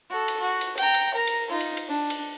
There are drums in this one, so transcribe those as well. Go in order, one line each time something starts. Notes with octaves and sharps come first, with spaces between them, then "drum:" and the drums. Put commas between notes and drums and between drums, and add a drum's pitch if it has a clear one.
F#4 A4
drum: cymbal
F#4
drum: cymbal
G5 A#5, drum: cymbal
drum: cymbal
A#4 A#5
drum: cymbal
D#4 F4
drum: cymbal
drum: cymbal
D4
drum: cymbal